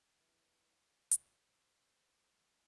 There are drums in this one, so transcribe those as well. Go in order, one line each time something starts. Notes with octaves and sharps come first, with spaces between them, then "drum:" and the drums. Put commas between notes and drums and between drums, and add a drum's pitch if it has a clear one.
E3
F4, drum: hi-hat
C5